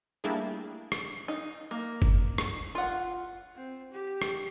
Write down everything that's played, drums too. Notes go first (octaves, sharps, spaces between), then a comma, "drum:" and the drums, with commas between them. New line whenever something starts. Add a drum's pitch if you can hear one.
G3 A3 A#3 D4 E4 G#4
drum: rim click
D#4
A#3
drum: kick F#1
drum: rim click
F4 F#5
C4
G4
drum: rim click